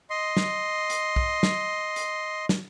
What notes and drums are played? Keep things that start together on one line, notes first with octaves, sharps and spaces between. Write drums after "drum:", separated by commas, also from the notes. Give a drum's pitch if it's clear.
D#5 C6
drum: snare
drum: hi-hat
drum: kick
drum: snare
drum: hi-hat
drum: snare